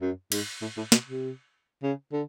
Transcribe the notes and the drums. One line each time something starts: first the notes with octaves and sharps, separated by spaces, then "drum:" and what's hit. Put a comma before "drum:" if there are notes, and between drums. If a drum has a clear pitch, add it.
F#2
G#2, drum: cymbal
A2
A2
B2, drum: snare
C3
C#3
D3